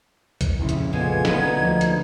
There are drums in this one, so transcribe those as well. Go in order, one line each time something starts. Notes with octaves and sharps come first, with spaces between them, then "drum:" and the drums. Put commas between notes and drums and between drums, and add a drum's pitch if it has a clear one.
drum: kick B1, hi-hat
F1 A#1 C#3 E4
drum: hi-hat
G#3 A3 B3 F4 G#4 C5 G#6
D3 A#3 B3 D#4 B4, drum: snare
D2 F3
drum: hi-hat